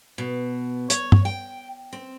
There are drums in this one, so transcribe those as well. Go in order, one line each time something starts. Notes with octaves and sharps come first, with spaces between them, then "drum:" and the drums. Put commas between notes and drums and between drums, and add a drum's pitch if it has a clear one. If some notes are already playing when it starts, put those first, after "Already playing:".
B2
C#5, drum: hi-hat
drum: tom
G5
C4